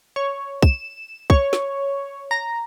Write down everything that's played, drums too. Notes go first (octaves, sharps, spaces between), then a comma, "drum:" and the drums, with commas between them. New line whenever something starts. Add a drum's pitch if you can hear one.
C#5
E7, drum: kick
C#5, drum: kick
drum: snare
A#5